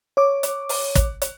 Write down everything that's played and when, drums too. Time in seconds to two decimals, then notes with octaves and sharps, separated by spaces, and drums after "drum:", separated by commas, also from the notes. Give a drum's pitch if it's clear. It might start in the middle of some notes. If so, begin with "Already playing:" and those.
0.17 C#5 D6
0.43 drum: hi-hat
0.69 drum: open hi-hat
0.95 drum: kick, hi-hat
1.22 drum: hi-hat